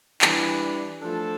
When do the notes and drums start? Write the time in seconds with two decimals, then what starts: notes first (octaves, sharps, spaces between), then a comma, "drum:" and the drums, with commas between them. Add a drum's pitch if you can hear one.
0.22 E3 G3 D4, drum: clap
1.01 F3 A3 D4 A4